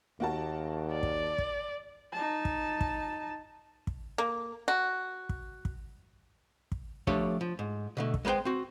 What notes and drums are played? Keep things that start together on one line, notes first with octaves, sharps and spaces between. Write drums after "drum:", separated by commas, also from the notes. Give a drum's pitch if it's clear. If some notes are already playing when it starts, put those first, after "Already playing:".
D#2 A#3 F#4 A5
D5
drum: kick
drum: kick
D#4 A5
drum: kick
drum: kick
drum: kick
A#3
F#4
drum: kick
drum: kick
drum: kick
F3 A3 D4 G4 A4 C#5, drum: kick
F3
G#2
B2 D3 A3
drum: kick
G#3 B3 B4 C5 G5
C4 F#4